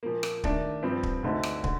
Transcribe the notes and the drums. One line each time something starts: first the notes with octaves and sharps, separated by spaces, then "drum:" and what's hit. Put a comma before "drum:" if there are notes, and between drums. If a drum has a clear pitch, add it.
A#2 F3 A#3
drum: rim click
D#3 A3 D4, drum: kick
G2 F3 C4
drum: kick
D2 D3 A3 D#4 A4
drum: rim click
D3, drum: kick